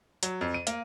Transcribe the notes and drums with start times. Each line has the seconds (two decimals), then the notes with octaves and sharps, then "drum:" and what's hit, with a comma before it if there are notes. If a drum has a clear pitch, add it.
0.23 F#3, drum: hi-hat
0.41 F2
0.54 D#7
0.67 A#3, drum: hi-hat